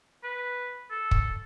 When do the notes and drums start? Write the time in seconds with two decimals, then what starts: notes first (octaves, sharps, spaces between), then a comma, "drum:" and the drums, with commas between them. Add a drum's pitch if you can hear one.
0.24 B4
0.91 A4
1.11 drum: kick